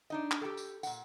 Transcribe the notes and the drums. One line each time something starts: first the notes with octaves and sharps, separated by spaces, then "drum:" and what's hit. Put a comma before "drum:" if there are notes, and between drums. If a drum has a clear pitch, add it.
D4 D#4 D#5
drum: clap
G4 A4
drum: tambourine
A#2 F#5, drum: tambourine